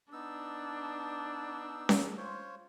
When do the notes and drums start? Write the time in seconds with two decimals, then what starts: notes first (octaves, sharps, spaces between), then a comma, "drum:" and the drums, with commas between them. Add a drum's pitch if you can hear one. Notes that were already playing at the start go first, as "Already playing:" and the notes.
0.13 B3 D4 D#4 E6
1.89 drum: snare C#4
2.17 F4 C5 C#5